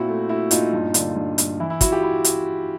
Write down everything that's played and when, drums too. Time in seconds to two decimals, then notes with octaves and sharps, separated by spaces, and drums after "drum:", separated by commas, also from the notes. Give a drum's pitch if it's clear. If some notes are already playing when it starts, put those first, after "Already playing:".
Already playing: A#2 C4 E4 F#4
0.08 A3
0.29 A3 E4 F#4
0.51 A#2 D#4 F4, drum: hi-hat
0.73 G2
0.94 D3, drum: hi-hat
1.16 G2
1.38 G2, drum: hi-hat
1.60 E3 E4
1.70 E4
1.81 E3 E4 F#4, drum: kick, hi-hat
1.92 F4 G4
2.03 E4
2.24 drum: hi-hat